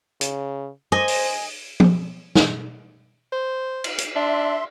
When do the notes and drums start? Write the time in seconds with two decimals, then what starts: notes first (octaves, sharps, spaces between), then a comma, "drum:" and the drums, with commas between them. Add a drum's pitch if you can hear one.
0.21 C#3, drum: hi-hat
0.92 C5 D#5 G#5
1.08 drum: open hi-hat
1.80 drum: tom F3
2.35 drum: snare
3.32 C5
3.84 drum: cymbal
3.98 drum: hi-hat
4.16 D4 E5 C6